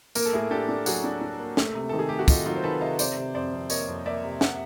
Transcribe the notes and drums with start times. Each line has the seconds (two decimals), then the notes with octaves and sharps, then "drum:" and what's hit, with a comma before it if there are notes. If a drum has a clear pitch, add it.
0.15 A#3 A#4, drum: tambourine
0.25 A4
0.33 A2 G#4 A#4
0.51 D4 G4 A4
0.69 D4
0.86 F#3 F#4 G#4, drum: tambourine
1.04 D4
1.21 D4
1.39 A#3
1.57 A3, drum: snare
1.75 C3
1.89 D#3 A4
1.99 G#4
2.09 A3 G4
2.19 F#4
2.28 D#3 D#4 F4, drum: kick, tambourine
2.46 F#3 D#4 F4
2.56 C5
2.64 D#3 A4 B4
2.81 C3 D#5 F5
2.99 C3 C5 D5, drum: tambourine
3.17 C3
3.35 F2 C5 D5
3.52 F2
3.70 A#3 C#5 D#5, drum: tambourine
3.88 F2
4.06 A#3 D5 E5
4.23 C3
4.41 E5 F#5, drum: snare